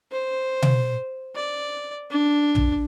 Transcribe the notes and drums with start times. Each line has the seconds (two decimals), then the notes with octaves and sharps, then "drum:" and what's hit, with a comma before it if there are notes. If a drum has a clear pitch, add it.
0.12 C5
0.62 drum: tom B2
1.35 D5
2.11 D4
2.55 drum: tom